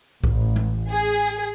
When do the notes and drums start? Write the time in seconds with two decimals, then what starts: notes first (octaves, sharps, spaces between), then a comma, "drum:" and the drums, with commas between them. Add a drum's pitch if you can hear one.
0.24 A1, drum: kick B1
0.56 drum: tom G#3
0.90 G#4